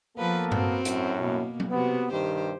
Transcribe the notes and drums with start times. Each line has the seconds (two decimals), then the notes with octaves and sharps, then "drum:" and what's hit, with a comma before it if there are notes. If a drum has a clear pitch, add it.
0.17 F3 A#3 B3 A4 B4
0.52 C4 F#4, drum: tom G2
0.85 F#2 A2, drum: hi-hat
1.21 B2 A#3
1.60 drum: tom F#3
1.71 C3 B3 F#4
2.12 G2 D#3 G4 C5